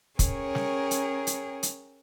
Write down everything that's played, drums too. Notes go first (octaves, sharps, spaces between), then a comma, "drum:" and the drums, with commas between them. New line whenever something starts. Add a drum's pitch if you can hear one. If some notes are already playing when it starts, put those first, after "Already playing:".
C#4 G#4 A#4 C#5 G5, drum: kick, hi-hat
drum: snare
drum: hi-hat
drum: hi-hat
drum: hi-hat